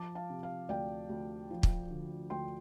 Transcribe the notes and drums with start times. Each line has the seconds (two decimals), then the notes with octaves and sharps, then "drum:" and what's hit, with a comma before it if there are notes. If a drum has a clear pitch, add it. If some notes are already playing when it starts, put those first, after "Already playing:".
Already playing: F3 A5 D6
0.15 F5 A5
0.30 C3
0.43 F5
0.69 D2 D5 G5
1.09 D2
1.51 F3
1.63 drum: kick
1.91 D3
2.30 D2 G5 C6